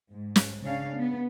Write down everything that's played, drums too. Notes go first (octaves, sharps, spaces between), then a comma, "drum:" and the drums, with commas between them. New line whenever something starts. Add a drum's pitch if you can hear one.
G#2
drum: snare
C#3 C#4 D4 F5
B3